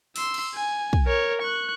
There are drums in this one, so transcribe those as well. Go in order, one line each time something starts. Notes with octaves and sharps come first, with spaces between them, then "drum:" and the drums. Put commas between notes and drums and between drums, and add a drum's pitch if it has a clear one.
C6 E6, drum: open hi-hat
drum: cymbal
G#5
drum: kick
A#4 C#5
C#6 F#6